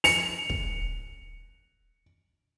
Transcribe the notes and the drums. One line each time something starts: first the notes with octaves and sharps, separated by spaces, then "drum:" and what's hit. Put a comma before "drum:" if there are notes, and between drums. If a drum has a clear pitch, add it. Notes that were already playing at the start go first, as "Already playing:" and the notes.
C#7 F7, drum: open hi-hat
drum: kick